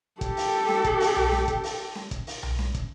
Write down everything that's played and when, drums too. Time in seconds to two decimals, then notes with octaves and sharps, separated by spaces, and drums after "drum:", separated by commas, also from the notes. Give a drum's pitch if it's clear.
0.21 G4 A4, drum: kick, hi-hat
0.37 drum: open hi-hat
0.69 drum: snare C#4
0.84 drum: kick, hi-hat
1.00 drum: open hi-hat
1.16 drum: tom B1
1.32 drum: snare C#4
1.48 drum: kick, hi-hat
1.64 drum: open hi-hat
1.95 drum: snare C#4
2.11 drum: kick, hi-hat
2.27 drum: open hi-hat
2.43 drum: tom B1
2.59 drum: snare C#4
2.74 drum: kick, hi-hat